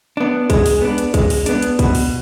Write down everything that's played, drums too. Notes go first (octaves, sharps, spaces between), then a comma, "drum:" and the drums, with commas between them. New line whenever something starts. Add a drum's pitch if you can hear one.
B3 D4
G#3, drum: kick, hi-hat
drum: open hi-hat
B3 D4
drum: hi-hat
G#3, drum: kick, hi-hat
drum: open hi-hat
B3 D4, drum: hi-hat
drum: hi-hat
B2, drum: kick, hi-hat
drum: open hi-hat